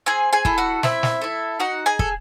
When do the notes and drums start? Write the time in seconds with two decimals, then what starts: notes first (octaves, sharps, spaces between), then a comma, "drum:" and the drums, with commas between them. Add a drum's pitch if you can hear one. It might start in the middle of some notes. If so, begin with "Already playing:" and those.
0.06 C4 G#4 G#5
0.33 G#4 G#5
0.45 E4 A4, drum: kick
0.58 F#4 F#5
0.83 C4 E4 E5, drum: snare
1.03 drum: snare
1.21 E4 A4
1.60 D#4 F#4 F#5
1.86 G#4 G#5
1.99 A4, drum: kick